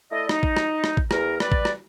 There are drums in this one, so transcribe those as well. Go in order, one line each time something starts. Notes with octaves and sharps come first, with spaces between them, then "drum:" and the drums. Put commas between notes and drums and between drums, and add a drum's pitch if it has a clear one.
A3 E4 D5 D#5
D#4, drum: rim click
drum: kick A1
drum: rim click
drum: rim click
drum: kick A1
E2 A#4, drum: rim click
G3 B4 D5, drum: rim click
drum: kick A1
drum: rim click